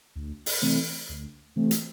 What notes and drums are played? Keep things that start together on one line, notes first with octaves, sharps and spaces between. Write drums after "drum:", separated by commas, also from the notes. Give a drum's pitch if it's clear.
D2
drum: open hi-hat
C3 E3 A3 C4
D2
C3 E3 A3 C4
drum: hi-hat